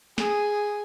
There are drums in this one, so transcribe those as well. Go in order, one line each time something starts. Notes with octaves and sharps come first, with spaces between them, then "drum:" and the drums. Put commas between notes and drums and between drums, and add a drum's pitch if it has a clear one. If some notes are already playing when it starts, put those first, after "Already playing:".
G#4, drum: snare